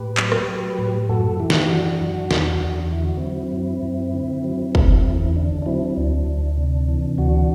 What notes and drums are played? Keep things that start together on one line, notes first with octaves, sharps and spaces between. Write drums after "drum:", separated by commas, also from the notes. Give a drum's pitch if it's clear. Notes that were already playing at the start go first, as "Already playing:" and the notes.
Already playing: A2 G4 B4
F#3, drum: clap
drum: rim click
F#3
A2
F#2 F#4 A4
E3 E4 G4
drum: snare
E3 D4 F#4
F#2
E2, drum: snare
E2
D3 E4
F#4
C4 E4
F#3
F#2
F#2
D3
F#3
E2, drum: kick
E2
E4
D3 D4
D4
F#3 C4 E4
D2 D4
D2
C3
E3
D2 D4 F#4